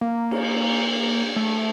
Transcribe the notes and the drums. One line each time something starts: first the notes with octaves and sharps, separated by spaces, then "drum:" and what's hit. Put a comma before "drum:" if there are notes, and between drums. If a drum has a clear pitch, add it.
A#3
drum: cymbal
A3